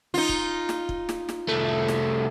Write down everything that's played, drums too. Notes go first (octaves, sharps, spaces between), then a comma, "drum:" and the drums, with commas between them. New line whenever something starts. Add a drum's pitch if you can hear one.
D#4 F4
drum: kick
drum: snare
drum: kick
drum: snare
drum: snare
C2 A3
drum: snare